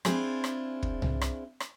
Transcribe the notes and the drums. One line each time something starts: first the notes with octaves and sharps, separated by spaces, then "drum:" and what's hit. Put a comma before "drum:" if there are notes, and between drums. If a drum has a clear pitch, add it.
C4 D4 E4 F4 G#4 C5, drum: rim click
drum: rim click
drum: kick
drum: tom
drum: rim click
drum: rim click